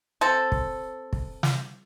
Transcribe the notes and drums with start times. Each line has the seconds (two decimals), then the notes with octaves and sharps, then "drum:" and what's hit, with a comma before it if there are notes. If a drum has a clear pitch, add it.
0.21 C4 A4
0.52 drum: kick
1.13 drum: kick
1.43 drum: snare